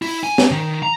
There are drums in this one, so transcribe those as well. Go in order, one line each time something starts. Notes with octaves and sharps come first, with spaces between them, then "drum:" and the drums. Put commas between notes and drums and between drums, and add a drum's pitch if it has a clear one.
E4, drum: open hi-hat
G#5
drum: snare
D#3
A#5